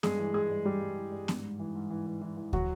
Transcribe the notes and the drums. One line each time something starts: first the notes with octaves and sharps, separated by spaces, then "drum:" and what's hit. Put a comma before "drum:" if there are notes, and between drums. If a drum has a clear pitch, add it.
G2 G#3 G#4, drum: snare B3
E3
G2 G#3 G#4
G2
G2 G3 G4
G2
E3
G2
G#2, drum: snare B3
G#2
E3
G#2
E3
E3
E3
E3
E3 F#3 F#4, drum: kick